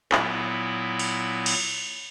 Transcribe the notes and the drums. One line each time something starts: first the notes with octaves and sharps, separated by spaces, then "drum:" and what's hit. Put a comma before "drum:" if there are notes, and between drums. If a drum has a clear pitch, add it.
A#2 F#3 B3 E4, drum: clap
drum: open hi-hat
drum: cymbal